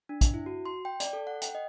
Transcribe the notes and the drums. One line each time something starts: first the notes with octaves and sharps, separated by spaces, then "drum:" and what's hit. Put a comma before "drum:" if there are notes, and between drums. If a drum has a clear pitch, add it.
D4
drum: kick, hi-hat
E4
F#4
C6
G5
D5, drum: hi-hat
A4
F#5
G5, drum: hi-hat
D#5